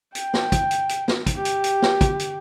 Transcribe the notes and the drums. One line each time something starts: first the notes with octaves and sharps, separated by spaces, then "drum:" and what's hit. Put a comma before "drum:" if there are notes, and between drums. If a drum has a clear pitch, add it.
G5, drum: hi-hat
drum: snare
drum: kick, hi-hat
drum: hi-hat
drum: hi-hat
drum: snare
drum: kick, hi-hat
G4
drum: hi-hat
drum: hi-hat
drum: snare
drum: kick, hi-hat
drum: hi-hat